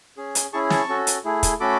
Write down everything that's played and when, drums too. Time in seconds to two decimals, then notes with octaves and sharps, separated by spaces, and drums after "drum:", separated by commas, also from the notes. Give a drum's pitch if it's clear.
0.17 C#4 G#4
0.35 drum: hi-hat
0.53 C#4 E4 G#4 A5 C#6
0.70 A5 C#6, drum: snare
0.89 C#4 F#4 A4
1.07 drum: hi-hat
1.25 A3 E4 G#4
1.43 drum: kick, hi-hat
1.60 A3 C#4 F#4 A4 B5 D6